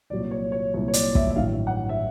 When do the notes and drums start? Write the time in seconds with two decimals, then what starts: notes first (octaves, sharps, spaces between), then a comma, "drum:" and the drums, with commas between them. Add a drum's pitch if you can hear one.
0.10 C2 A#2 F#3 D5
0.31 C#5
0.52 C#5
0.73 C2 A#2 F#3 C#5
0.88 C#5
0.93 D5, drum: hi-hat
1.15 E5, drum: kick
1.31 E5
1.36 A1 G2 D#3 F#3 F5
1.67 F#5
1.89 E5